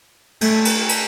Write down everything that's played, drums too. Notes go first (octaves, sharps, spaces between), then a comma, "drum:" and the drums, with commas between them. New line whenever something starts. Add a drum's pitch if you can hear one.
A3, drum: cymbal
drum: cymbal
drum: cymbal